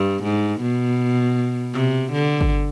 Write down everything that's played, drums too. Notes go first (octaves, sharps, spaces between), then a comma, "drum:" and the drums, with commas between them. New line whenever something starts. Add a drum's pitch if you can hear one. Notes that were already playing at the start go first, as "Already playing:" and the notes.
Already playing: G2
G#2
B2
C3, drum: clap
D3
drum: kick